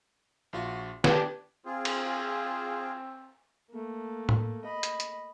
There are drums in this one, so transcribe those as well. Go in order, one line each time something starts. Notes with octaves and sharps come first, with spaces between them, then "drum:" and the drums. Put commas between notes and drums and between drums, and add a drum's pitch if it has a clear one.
A#1 F4 F#4
D4 G4 B4 G#6, drum: snare
C4 F4 G#4
drum: cymbal
A3 A#3
drum: tom
D#5 B5
drum: hi-hat
drum: hi-hat